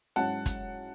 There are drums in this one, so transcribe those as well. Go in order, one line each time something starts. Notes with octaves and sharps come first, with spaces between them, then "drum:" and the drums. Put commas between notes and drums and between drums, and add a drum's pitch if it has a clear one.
G#2 F#3 C#4 E4 F#5 A5
drum: kick, hi-hat